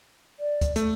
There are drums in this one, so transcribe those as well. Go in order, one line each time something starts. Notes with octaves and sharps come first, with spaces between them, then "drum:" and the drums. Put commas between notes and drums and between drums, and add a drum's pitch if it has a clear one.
D5
drum: kick, hi-hat
A3, drum: hi-hat